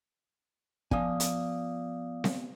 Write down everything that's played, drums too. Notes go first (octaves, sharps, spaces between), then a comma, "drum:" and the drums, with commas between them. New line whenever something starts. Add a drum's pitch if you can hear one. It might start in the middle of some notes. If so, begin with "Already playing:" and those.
F3 B3 D5 F5 G#5 D#6, drum: kick
drum: hi-hat
drum: snare C4